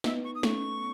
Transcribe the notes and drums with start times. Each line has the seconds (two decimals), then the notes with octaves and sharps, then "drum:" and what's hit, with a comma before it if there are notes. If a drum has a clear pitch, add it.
0.04 B3 D#4 E5, drum: snare
0.24 C#6
0.35 D#6
0.43 A3 C#4 C#6, drum: snare